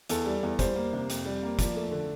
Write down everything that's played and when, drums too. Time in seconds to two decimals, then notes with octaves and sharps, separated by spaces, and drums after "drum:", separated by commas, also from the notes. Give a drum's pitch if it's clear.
0.09 E2 A4, drum: hi-hat
0.26 G3
0.43 E2
0.59 G3 C5, drum: kick, hi-hat
0.75 A#3
0.93 C3
1.10 F2, drum: hi-hat
1.25 G3
1.43 A#3
1.59 F3 D5, drum: kick, hi-hat
1.76 A3
1.91 D3